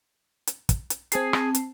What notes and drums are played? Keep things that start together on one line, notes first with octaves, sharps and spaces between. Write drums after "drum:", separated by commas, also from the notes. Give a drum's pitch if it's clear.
drum: hi-hat
drum: kick, hi-hat
drum: hi-hat
C4 G#4 A5 C7, drum: hi-hat
drum: rim click
drum: hi-hat